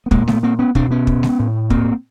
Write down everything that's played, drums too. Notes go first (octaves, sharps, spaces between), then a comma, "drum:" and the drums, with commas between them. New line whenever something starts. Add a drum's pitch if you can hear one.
B3
A#2 G#3 A#3, drum: kick
A3 B3, drum: snare G#3
A#3 C4
B3 C#4
B2 C4 D4, drum: kick
B3 C#4
drum: kick
drum: snare G#3
A2
A#3 C4, drum: kick